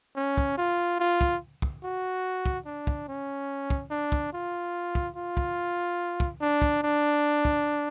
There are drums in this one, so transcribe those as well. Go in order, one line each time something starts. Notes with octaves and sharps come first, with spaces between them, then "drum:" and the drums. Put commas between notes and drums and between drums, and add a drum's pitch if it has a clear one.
C#4
drum: kick
F4
F4
drum: kick
drum: kick
F#4
drum: kick
D4
drum: kick
C#4
drum: kick
D4
drum: kick
F4
drum: kick
F4
drum: kick
drum: kick
D4
drum: kick
D4
drum: kick